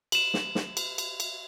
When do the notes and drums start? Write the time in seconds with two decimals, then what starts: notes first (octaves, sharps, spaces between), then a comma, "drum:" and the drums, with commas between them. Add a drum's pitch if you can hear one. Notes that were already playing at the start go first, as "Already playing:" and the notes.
0.12 E7 F#7, drum: cymbal
0.34 drum: snare
0.55 drum: snare
0.77 drum: cymbal
0.98 drum: cymbal
1.20 drum: cymbal